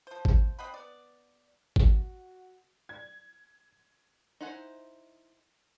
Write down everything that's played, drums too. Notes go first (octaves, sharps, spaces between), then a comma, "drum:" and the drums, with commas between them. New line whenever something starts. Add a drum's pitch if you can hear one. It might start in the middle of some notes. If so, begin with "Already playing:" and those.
F3 C5
drum: kick G#1
C4 D#5 F#5 B5
B3 D5
F#4, drum: kick G#1
G#6
D#4 E4 C5 F#5 G#5